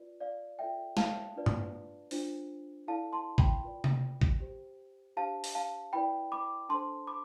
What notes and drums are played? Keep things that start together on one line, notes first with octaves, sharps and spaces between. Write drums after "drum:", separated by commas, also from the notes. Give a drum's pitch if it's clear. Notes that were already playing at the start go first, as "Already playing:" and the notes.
Already playing: F4 B4 D5
D5 F5
F4 A4 D5 E5 G5
F5 A5, drum: snare
D4 F4 B4 D5
drum: tom G2
D4 F4 C5, drum: open hi-hat
E4 A4 D5 F5 A5
A5 C6
G5 B5, drum: kick A1
F4 B4 D5
drum: tom C3
drum: kick A1
G4 C5
D4 G4 C5 F5 A5
drum: open hi-hat
F5 A5
E4 B4 D5 G5 B5
B5 D6
D4 A4 C5 A5 C6
B5 D6